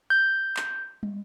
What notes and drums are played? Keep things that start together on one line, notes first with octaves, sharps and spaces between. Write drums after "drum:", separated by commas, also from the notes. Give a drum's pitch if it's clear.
G6
drum: clap
drum: tom